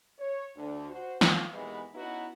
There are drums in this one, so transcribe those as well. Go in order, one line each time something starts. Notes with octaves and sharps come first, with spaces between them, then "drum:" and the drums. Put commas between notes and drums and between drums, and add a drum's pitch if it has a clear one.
C#5
D2 D3
F#4 C5
F3 F4, drum: snare
D#2 B2 E3 G#3 B3
B3 C#4 D#4 E4 F#4 B4